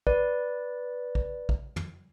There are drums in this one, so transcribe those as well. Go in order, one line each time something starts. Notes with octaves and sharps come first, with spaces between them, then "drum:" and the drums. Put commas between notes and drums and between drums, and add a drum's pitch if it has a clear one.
B4 D5, drum: kick
drum: kick
drum: kick
drum: tom